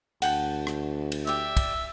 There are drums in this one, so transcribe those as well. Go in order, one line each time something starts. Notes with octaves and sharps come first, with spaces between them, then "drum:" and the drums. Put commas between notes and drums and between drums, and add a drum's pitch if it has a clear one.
D2 F#5 G5 A5, drum: cymbal
drum: rim click
drum: cymbal
G4 D5 E5
drum: kick, cymbal